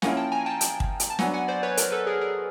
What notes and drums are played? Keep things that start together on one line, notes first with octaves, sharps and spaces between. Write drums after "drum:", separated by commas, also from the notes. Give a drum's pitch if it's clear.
F3 A#3 C#4 E4 F#5 G#5, drum: snare
G5 A5
G#5 A#5
G5 A5
G5 A5, drum: hi-hat
drum: kick
drum: hi-hat
A5
F#3 B3 D4 F#5 G#5, drum: snare
F#5 G#5
C5 D5
B4 C#5
A#4 C5, drum: hi-hat
A4 B4
G#4 A#4
G#4 A#4